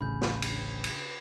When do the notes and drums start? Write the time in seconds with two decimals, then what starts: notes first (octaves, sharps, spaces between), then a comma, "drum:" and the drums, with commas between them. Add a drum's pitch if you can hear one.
0.01 D1 A1 C#3 B5 G6
0.21 drum: snare
0.42 drum: cymbal
0.84 drum: cymbal